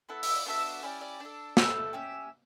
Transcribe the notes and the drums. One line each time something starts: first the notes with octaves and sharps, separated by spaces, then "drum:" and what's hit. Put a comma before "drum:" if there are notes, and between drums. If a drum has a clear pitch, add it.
B3 E4 A4 F#5
E5, drum: open hi-hat
D5
B3 D4 F#4 A4 E5
C#4 E4 G4 D5
D5
D4 A4
A3 E4 A4, drum: snare
C#4 G4 E5